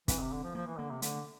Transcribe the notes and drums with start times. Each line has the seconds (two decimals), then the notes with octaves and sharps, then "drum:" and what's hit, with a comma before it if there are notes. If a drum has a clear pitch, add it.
0.08 E3 C4, drum: kick, hi-hat
0.20 C3
0.32 D3
0.44 F3
0.55 F3 A#3
0.67 E3
0.79 D3 A#3
0.91 C3
1.02 D3 A3, drum: hi-hat